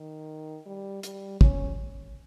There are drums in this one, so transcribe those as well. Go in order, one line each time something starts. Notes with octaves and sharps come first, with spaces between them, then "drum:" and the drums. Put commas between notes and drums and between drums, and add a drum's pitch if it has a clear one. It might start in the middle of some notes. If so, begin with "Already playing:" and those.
Already playing: D#3
G3
G3, drum: hi-hat
C#4, drum: kick